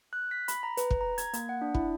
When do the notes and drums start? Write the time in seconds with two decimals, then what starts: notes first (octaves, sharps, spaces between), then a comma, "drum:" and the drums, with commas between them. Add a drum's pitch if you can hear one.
0.13 F#6
0.31 B6
0.48 B5, drum: hi-hat
0.63 A#5
0.77 B4, drum: hi-hat
0.91 drum: kick
1.01 A#5
1.18 G#6, drum: hi-hat
1.33 A#3, drum: hi-hat
1.49 F#5
1.62 D4
1.75 E4, drum: kick